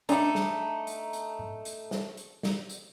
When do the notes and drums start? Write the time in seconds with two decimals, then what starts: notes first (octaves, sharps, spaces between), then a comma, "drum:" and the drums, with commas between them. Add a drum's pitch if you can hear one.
0.09 A3 D4 D#4 A5 B5, drum: hi-hat
0.35 drum: snare
0.87 drum: hi-hat
1.13 drum: hi-hat
1.39 drum: tom G#2
1.65 drum: hi-hat
1.91 drum: snare
2.17 drum: hi-hat
2.43 drum: snare
2.69 drum: hi-hat